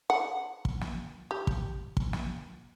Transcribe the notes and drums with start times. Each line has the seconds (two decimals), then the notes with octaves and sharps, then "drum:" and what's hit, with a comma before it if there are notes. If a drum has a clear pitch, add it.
0.10 F#5
0.65 drum: kick
0.81 drum: snare
1.31 G4
1.47 drum: kick
1.97 drum: kick
2.13 drum: snare